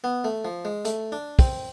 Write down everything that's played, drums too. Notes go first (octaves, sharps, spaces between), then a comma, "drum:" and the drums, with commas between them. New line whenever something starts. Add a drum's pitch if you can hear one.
B3
A3
F3
G#3
A3, drum: hi-hat
D4
C4, drum: kick, open hi-hat